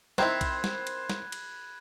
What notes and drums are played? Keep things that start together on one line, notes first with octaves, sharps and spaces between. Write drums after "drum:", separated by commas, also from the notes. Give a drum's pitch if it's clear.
D#3 C4 E4 C5 B5 F#6 G#6, drum: snare
drum: kick B1, cymbal
drum: snare
drum: cymbal
drum: snare
drum: cymbal